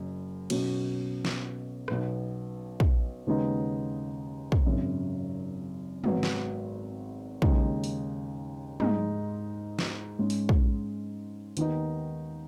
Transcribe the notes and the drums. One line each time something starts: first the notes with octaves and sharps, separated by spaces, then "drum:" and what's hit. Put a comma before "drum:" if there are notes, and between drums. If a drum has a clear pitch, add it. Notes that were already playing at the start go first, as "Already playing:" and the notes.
Already playing: F#1 F#2
B1 B2 F#3 C#4, drum: cymbal
drum: snare
B1 B2 B3, drum: rim click
drum: kick
D#2 C#3 G#3 B3 D#4
drum: kick
G#1 F#2 C#3
G#1 G#2 F#3 B3, drum: tom
drum: snare
D#2 C#3 G#3 D#4, drum: kick
drum: open hi-hat
G#2 G#3 D#4, drum: tom
drum: snare
G#2 G#3 C#4
drum: open hi-hat
drum: kick
D#2 D#3 B3 D#4, drum: hi-hat